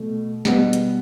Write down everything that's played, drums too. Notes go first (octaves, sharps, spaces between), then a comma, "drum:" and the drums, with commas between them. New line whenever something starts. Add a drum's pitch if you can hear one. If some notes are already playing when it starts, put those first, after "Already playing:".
Already playing: B2 A3
B2 G3 B3, drum: snare
drum: hi-hat